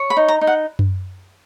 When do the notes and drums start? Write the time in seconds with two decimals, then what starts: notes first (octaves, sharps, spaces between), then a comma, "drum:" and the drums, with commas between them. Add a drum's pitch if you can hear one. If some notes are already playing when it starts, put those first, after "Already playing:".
Already playing: C#5
0.10 B5
0.17 D#4
0.28 A#5
0.41 D#4
0.47 F#5
0.79 drum: tom F#2